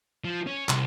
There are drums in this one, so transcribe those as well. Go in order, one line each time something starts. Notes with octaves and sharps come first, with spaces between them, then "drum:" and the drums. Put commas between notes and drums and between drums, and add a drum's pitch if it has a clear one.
F3
C#4
C2, drum: clap